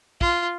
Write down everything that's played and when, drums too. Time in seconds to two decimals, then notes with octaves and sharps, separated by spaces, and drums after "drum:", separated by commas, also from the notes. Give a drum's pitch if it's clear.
0.21 F4, drum: kick